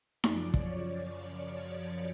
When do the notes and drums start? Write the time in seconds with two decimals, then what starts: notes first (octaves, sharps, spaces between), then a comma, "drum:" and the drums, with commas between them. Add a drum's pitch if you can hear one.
0.24 F#2 C#3 F3 D5, drum: snare D#4
0.54 C#5, drum: kick